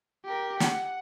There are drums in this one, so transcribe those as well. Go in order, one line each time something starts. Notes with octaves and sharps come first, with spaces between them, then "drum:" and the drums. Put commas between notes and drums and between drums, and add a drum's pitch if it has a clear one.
G4 A#4
F#5, drum: snare